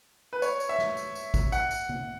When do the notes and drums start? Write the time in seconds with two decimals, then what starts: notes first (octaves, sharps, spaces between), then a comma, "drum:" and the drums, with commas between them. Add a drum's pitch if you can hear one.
0.33 B4
0.42 C#5, drum: tambourine
0.60 drum: tambourine
0.69 E5
0.78 drum: snare
0.97 drum: tambourine
1.15 drum: tambourine
1.34 drum: kick, tambourine
1.52 F#5, drum: tambourine
1.71 drum: tambourine
1.89 drum: tom C#3